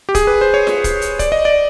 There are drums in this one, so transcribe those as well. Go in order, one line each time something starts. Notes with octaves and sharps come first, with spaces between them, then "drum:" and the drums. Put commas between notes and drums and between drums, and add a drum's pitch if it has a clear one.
G4
G#4, drum: kick, hi-hat
B4
C5
C#5
drum: snare F4
drum: kick, hi-hat
drum: hi-hat
D5, drum: kick, hi-hat
D#5
D5